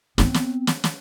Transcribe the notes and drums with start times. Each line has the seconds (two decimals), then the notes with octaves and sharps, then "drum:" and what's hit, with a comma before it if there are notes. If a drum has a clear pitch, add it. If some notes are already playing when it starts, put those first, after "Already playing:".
0.18 B3 C4, drum: snare
0.34 drum: snare
0.67 drum: snare
0.84 drum: snare